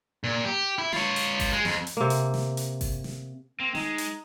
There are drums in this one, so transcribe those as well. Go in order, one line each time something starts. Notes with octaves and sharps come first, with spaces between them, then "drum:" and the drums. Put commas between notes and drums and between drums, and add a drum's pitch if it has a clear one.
A#2
G4
E4
F4 C#5, drum: snare
drum: hi-hat
drum: kick G1, open hi-hat
G#3
F2, drum: snare
drum: hi-hat
C3 A#3
drum: hi-hat
drum: snare
drum: hi-hat
drum: kick G1, open hi-hat
drum: snare
A#3 C4
G#3 D#4, drum: snare
drum: hi-hat